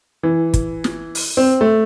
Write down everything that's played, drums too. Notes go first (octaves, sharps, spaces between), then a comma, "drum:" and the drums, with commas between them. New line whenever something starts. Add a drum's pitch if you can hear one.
E3
drum: kick, hi-hat
drum: snare
drum: open hi-hat
C4
A3